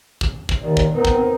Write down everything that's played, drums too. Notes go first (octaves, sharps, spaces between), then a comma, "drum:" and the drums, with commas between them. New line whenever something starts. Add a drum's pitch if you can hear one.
drum: kick
drum: kick
D#2 D#3 D5
drum: kick
B3 C4 D#4 A#4
drum: kick